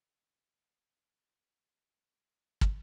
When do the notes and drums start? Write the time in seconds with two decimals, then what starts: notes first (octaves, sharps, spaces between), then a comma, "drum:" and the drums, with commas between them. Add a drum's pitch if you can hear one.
0.12 D#3 F#3 G#3 B3 F5
2.61 drum: kick